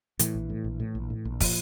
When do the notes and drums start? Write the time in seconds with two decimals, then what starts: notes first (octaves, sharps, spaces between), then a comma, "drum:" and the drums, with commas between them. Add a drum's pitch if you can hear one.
0.19 A2 E3, drum: hi-hat
0.35 A#1
0.50 A2
0.64 A#1
0.80 A2
0.95 A#1
1.10 A2
1.25 A#1
1.40 A#2 F3, drum: kick, open hi-hat